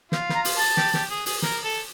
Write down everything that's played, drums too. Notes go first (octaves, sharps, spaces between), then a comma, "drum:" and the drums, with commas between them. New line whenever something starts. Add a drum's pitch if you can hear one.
F4, drum: snare
B5, drum: snare
A#5
drum: open hi-hat
A5
G4, drum: snare
G4, drum: snare
G#4
G#4, drum: open hi-hat
A#4, drum: snare
A4